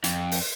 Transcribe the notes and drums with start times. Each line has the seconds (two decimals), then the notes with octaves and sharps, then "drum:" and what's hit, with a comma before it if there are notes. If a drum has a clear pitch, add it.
0.04 F2, drum: hi-hat
0.32 drum: open hi-hat